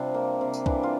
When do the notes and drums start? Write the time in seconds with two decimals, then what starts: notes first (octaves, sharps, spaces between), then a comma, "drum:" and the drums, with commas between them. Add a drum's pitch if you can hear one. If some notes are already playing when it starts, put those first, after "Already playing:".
Already playing: C3 G3 D4 F4
0.14 A#3
0.41 C3
0.54 drum: tambourine
0.66 E3 D4, drum: kick C2
0.83 F4